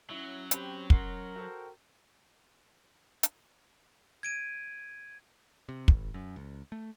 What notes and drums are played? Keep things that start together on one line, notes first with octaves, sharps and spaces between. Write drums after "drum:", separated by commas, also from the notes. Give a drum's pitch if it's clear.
F#3 C#4 E4
C4 G4 B5, drum: hi-hat
A#4 F#5 C6 C7, drum: kick
F#4 A4 C5 G5
drum: hi-hat
G#6 D7 D#7
C3
G#1, drum: kick
F#2
C#2
A3